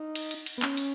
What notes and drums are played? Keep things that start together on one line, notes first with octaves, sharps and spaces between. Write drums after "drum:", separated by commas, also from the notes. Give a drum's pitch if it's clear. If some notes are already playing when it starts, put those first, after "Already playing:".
Already playing: D#4
drum: cymbal
drum: cymbal
drum: cymbal
B3
C#4, drum: clap
drum: cymbal